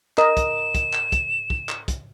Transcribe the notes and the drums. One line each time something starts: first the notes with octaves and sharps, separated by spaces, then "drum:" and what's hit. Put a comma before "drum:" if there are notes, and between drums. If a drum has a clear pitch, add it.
A#4 D#5 E7, drum: clap
drum: kick, hi-hat
drum: kick, hi-hat
drum: clap
drum: kick, hi-hat
drum: kick
drum: clap
drum: kick, hi-hat